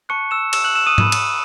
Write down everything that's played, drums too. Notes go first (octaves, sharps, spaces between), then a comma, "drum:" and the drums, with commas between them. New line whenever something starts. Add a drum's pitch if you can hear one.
A5 C#6 F#6 C#7
E6 E7
E6 E7, drum: cymbal
F#6 F#7
E6 E7
D#6 D#7
B5 F#6, drum: tom G#2
drum: cymbal